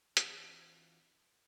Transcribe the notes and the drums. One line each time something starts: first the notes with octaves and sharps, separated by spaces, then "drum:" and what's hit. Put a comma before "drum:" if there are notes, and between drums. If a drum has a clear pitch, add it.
E3 C4 D4 D#4 F4 F#4, drum: hi-hat